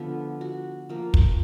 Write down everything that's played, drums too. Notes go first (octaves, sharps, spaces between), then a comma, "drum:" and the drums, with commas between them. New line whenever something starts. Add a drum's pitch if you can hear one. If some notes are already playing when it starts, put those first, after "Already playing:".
Already playing: D3 F3 B3
F#4
F3 A#3
drum: kick